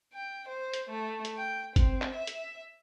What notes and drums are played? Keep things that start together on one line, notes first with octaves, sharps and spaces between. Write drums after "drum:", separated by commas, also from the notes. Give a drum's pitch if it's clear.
G5
C5
drum: hi-hat
A3
drum: hi-hat
G5
C4, drum: kick G1, hi-hat
drum: clap
E5
drum: hi-hat